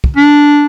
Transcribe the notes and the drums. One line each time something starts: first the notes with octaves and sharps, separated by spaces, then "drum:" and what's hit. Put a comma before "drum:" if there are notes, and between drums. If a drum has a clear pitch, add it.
drum: kick
D4